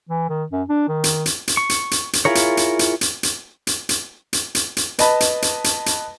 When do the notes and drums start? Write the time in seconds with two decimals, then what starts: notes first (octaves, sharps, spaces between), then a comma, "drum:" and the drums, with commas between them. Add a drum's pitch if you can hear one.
0.09 E3
0.29 D#3
0.52 F#2
0.69 D4
0.88 D#3
1.04 drum: hi-hat
1.26 drum: hi-hat
1.48 drum: hi-hat
1.57 C#6
1.69 drum: hi-hat
1.91 drum: hi-hat
2.13 drum: hi-hat
2.25 E4 F4 G#4 A#4 C#5
2.35 drum: hi-hat
2.57 drum: hi-hat
2.79 drum: hi-hat
3.01 drum: hi-hat
3.23 drum: hi-hat
3.67 drum: hi-hat
3.89 drum: hi-hat
4.33 drum: hi-hat
4.55 drum: hi-hat
4.77 drum: hi-hat
4.99 B4 D#5 A5 B5, drum: hi-hat
5.20 drum: hi-hat
5.42 drum: hi-hat
5.64 drum: hi-hat
5.86 drum: hi-hat